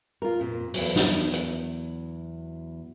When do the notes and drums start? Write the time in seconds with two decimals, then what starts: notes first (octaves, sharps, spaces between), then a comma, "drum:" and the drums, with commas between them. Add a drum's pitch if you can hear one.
0.22 F4 A#4
0.40 F2 A#2
0.74 E2 G2 F#3, drum: open hi-hat
0.96 drum: snare
1.34 drum: hi-hat